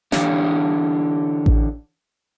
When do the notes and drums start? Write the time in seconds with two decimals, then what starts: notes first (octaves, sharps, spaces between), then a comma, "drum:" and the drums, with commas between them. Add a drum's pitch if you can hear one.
0.12 D3 E3 D4 G4 C#5 F5, drum: snare
1.46 drum: kick A1